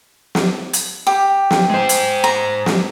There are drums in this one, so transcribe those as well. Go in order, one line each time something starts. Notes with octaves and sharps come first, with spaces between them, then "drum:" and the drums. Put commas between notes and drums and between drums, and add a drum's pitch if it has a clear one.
drum: snare
drum: hi-hat
G4
drum: snare
G#3 C5
drum: hi-hat
A#5
drum: snare